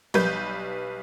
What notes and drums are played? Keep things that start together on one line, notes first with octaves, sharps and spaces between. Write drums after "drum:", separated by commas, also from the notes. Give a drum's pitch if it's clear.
B1 G3 B4 G6, drum: tom